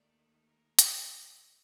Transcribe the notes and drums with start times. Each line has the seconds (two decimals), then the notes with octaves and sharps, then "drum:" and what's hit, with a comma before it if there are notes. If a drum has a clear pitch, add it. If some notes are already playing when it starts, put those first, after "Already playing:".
Already playing: D#2 D#3 A3 D5
0.45 A#4
0.79 drum: hi-hat